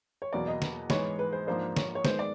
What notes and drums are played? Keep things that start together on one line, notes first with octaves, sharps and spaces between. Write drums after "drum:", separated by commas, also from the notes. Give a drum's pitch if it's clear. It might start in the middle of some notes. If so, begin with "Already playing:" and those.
C#5
E2 B2 F#3 A#3 D5
D#5
drum: snare
G#2 E3 G#3 B3 D#4 C#5, drum: snare
B4
C5
G#2 F3 A#3 D4 C5
C#5, drum: snare
C#5
D#3 G#3 B3 C5, drum: snare
D5